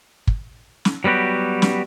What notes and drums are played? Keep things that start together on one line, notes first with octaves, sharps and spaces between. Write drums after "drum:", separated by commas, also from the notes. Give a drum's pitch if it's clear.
drum: kick
drum: snare
F#3 G3 B3 F#4 G4
drum: snare